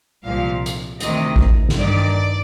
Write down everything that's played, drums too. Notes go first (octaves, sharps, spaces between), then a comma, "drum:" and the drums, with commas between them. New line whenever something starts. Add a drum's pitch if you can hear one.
C2 A#2 F3 F5
drum: hi-hat
D2 C3 D#3 D#5, drum: hi-hat
drum: kick A1
drum: snare
G2 D#3 D5